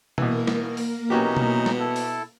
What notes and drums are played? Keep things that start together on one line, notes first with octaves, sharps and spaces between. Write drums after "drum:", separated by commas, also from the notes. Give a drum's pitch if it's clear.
B2 E3 A#3 A#4, drum: tom B2
drum: snare
drum: open hi-hat
B2 E3 F#3 C#4 D#4 F#4 G4
drum: tom B2
drum: snare
E4 A4 A5
drum: open hi-hat